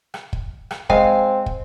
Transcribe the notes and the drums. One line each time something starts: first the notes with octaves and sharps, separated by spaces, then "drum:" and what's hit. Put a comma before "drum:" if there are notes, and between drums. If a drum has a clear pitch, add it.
drum: rim click
drum: kick
drum: rim click
G#3 C4 F5 G#5, drum: kick
drum: kick